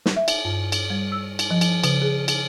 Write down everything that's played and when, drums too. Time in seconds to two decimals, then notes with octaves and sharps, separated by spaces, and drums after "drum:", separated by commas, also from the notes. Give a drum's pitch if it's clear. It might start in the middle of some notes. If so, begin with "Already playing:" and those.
0.06 drum: snare
0.16 E5
0.28 drum: cymbal
0.45 G2
0.72 drum: cymbal
0.90 G3
1.12 E6
1.39 drum: cymbal
1.51 F3
1.61 drum: cymbal
1.84 C#3, drum: cymbal
2.02 G#4
2.28 drum: cymbal